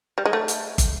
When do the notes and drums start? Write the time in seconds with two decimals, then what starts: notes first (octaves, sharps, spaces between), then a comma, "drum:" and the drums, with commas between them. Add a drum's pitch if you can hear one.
0.18 G3
0.25 G#3
0.33 A3
0.48 drum: hi-hat
0.78 drum: kick, hi-hat